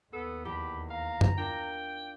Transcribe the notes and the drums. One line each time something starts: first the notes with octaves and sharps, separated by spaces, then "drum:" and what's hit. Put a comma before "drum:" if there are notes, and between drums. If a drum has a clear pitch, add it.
D#2 B3 A4
E2 G4 B5
F5 A#5
drum: tom F#2
D4 F4 A#4 G5